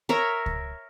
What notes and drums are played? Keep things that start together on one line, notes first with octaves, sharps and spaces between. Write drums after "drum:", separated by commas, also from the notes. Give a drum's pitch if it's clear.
A#4 C#5 E5 A#5
drum: kick C#2